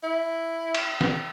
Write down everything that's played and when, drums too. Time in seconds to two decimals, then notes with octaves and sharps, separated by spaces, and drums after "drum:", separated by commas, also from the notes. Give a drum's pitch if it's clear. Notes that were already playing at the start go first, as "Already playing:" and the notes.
0.03 E4
0.74 drum: cymbal
1.01 drum: snare